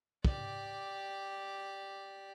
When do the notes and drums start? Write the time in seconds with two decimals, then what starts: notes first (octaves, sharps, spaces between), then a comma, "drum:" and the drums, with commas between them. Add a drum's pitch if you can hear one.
0.25 G4 D5, drum: kick